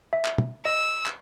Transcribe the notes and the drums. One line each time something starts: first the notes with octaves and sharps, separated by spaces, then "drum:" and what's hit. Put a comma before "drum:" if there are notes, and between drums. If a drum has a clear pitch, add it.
E5
drum: clap
drum: tom
D#5 E6
drum: clap